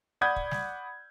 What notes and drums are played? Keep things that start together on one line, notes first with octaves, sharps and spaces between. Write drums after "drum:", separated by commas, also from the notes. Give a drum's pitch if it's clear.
D5 F#5 B5 D#6 G6 G#6
drum: kick
drum: snare